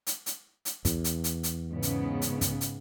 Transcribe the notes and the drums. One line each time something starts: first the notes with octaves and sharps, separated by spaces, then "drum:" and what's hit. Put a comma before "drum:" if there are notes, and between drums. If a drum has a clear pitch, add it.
drum: hi-hat
drum: hi-hat
drum: hi-hat
E2, drum: kick, hi-hat
drum: hi-hat
drum: hi-hat
drum: hi-hat
G#2 C#3 B3
drum: hi-hat
drum: hi-hat
drum: kick, hi-hat
drum: hi-hat